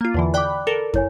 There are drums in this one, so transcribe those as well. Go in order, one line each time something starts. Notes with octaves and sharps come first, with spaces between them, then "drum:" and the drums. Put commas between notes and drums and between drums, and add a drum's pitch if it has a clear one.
A#3 F4
E2 D3 E3
D5 G5 B5 D6 F#6
A4 A#4
E4 C#5 G#5, drum: kick